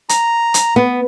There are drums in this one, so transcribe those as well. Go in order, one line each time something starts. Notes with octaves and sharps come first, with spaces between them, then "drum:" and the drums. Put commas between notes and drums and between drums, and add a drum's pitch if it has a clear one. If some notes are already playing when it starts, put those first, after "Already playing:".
A#5, drum: hi-hat
drum: hi-hat
B3